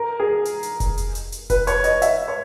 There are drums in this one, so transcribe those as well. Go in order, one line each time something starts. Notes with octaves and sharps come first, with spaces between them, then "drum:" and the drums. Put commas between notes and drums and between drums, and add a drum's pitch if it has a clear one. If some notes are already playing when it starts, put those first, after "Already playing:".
Already playing: A#4
G#4
drum: hi-hat
drum: hi-hat
drum: kick F1, hi-hat
drum: hi-hat
drum: hi-hat
drum: hi-hat
B4, drum: kick F1, hi-hat
C#5, drum: hi-hat
D#5, drum: hi-hat
E5, drum: hi-hat
C#5